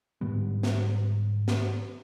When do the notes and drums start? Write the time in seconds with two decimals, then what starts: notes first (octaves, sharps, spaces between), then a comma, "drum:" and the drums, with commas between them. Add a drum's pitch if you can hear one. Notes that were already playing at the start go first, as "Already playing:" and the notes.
0.21 G#2 D3 G3 B3
0.63 drum: snare
1.48 drum: snare